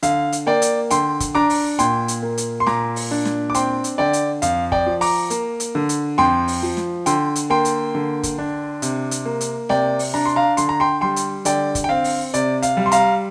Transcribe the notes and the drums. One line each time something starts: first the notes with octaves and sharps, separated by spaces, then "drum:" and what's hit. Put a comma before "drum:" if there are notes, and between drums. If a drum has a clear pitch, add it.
D3 F5, drum: hi-hat
drum: hi-hat
A#3 D5 G5
drum: hi-hat
D3 G5 C6, drum: hi-hat
drum: kick, hi-hat
D4 A#5 D6
drum: open hi-hat
A#2 G5 C6, drum: hi-hat
drum: hi-hat
A#3
drum: hi-hat
C6
A#2 A#5 D6, drum: snare
drum: open hi-hat
D4
drum: snare
D6
C4 G5 C6, drum: hi-hat
drum: hi-hat
D3 D5 G5
drum: hi-hat
F2 F5, drum: hi-hat
D5 G5, drum: kick
F3
A#5 D6, drum: open hi-hat
A#3, drum: hi-hat
drum: hi-hat
D3
drum: hi-hat
F2 G5 C6, drum: snare
drum: open hi-hat
F3
drum: snare
D3 G5 C6, drum: hi-hat
drum: hi-hat
A#3 G5 C6
drum: hi-hat
D3
drum: kick, hi-hat
D4
C3, drum: hi-hat
drum: hi-hat
A#3
drum: hi-hat
C3 D5 G5, drum: snare
drum: open hi-hat
D4 A#5
C6
F5 A#5
D3 C6, drum: hi-hat
A#5
G5 C6
G3 G5 C6
drum: hi-hat
D3 D5 G5, drum: hi-hat
drum: kick, hi-hat
G5
C4 F5
drum: open hi-hat
C3 D5, drum: hi-hat
F5, drum: hi-hat
G3
C6
F5 A#5, drum: hi-hat